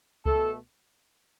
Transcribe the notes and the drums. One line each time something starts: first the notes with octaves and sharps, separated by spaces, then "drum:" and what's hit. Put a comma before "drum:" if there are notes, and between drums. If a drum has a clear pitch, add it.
B2 A3 A4, drum: kick C#2